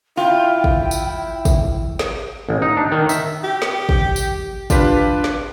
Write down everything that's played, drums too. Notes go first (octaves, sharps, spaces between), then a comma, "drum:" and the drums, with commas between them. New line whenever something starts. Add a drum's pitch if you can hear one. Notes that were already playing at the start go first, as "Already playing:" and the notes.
E4 F4 G5
drum: kick
drum: tambourine
drum: kick, tambourine
drum: snare
A1
D#4
D4
D#3
E5, drum: tambourine
G4
drum: snare
drum: kick
drum: tambourine
D4 F4 G4 B4, drum: kick, tambourine
drum: snare